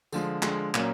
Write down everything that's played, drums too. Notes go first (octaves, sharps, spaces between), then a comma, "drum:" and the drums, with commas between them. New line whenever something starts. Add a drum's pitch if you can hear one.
D3 F3 G#3, drum: tambourine
D3 F3 G#3, drum: clap
A#2 F#3 A#3 C#4, drum: clap